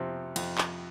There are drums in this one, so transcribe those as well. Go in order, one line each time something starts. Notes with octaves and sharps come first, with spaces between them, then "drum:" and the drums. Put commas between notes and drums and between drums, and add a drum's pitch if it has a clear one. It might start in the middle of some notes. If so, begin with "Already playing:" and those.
Already playing: F2 C3 F3
F2, drum: cymbal
drum: clap